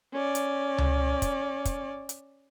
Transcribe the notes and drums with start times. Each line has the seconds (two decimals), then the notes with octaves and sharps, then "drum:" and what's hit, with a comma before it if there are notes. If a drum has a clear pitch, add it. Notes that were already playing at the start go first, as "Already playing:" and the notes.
0.13 C#4 D5
0.35 drum: hi-hat
0.78 drum: tom C#2
1.22 drum: kick, hi-hat
1.65 drum: kick, hi-hat
2.09 drum: hi-hat